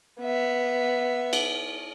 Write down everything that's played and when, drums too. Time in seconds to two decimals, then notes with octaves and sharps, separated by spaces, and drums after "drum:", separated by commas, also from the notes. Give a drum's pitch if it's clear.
0.21 B3 E5
1.33 drum: cymbal